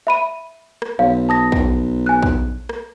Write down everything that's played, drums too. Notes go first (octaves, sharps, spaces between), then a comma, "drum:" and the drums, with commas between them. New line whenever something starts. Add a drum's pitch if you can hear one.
E5 B5 D#7
drum: rim click
B1 C#5 F5
A5 D#6 A#6
drum: kick
G#5 F#6
drum: kick
drum: rim click